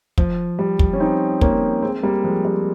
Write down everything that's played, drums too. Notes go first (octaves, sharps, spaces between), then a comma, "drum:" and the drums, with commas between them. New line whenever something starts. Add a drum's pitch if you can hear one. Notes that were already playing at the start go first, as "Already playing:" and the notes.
F3, drum: kick
G3
drum: kick
C#4
C4 D#4
A#3 C#4, drum: kick
G#3 C4
G3 A#3
F3 G#3
G3